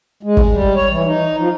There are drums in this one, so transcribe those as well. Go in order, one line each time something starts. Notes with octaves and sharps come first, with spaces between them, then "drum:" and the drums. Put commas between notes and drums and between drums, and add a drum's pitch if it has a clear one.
G#3
drum: kick
G3
C#5
E3
D#4
F3